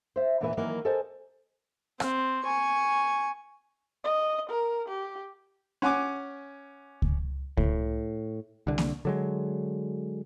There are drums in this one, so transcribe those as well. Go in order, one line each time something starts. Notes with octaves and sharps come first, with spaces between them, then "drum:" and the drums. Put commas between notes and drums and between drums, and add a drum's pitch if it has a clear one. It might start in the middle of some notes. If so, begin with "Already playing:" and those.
C5 E5
E2 A#2 E3 A#3 B4 E5
D#3 E3 F#3 A#3
A4 A#4 C5 D#5 G#5 A5
C4, drum: rim click
G#5 C#6
D#5
A#4
G4
C#4 F#5 G#5 D6
drum: kick C#2
A2, drum: kick C#2
C2 D3
drum: snare A#3
D3 F#3 G#3